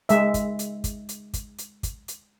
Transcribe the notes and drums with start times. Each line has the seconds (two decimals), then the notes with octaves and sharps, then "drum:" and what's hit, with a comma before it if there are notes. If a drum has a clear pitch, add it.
0.09 G#3 E5, drum: hi-hat
0.34 drum: kick, hi-hat
0.59 drum: hi-hat
0.84 drum: kick, hi-hat
1.09 drum: hi-hat
1.33 drum: kick, hi-hat
1.58 drum: hi-hat
1.83 drum: kick, hi-hat
2.08 drum: hi-hat